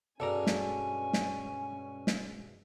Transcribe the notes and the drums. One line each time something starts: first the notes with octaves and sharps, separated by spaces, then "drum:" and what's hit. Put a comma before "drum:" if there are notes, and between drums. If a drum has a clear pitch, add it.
G2 B2 G#3 C#4 A4 D5 G#5 A#5
drum: snare
drum: snare
drum: snare